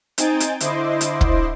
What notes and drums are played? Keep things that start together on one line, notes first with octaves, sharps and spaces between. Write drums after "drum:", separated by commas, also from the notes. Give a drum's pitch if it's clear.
C4 D#4 G#5 G6 A6 D7, drum: hi-hat
drum: hi-hat
D3 E4 C5 D#5 C6 D6, drum: hi-hat
drum: hi-hat
drum: kick